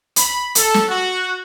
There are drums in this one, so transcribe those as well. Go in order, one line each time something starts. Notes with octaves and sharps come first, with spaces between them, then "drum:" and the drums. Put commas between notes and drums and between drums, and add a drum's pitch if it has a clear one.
B5, drum: hi-hat
A4, drum: hi-hat
drum: snare
F#4